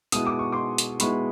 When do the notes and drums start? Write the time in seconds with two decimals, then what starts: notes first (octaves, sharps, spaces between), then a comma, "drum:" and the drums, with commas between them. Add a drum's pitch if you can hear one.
0.12 B2 G#3 B3 E4 D#6, drum: hi-hat
0.27 D6
0.39 C#6
0.52 C6 D6
0.78 drum: hi-hat
1.00 B2 G#3 B3 E4 B5 C#6, drum: hi-hat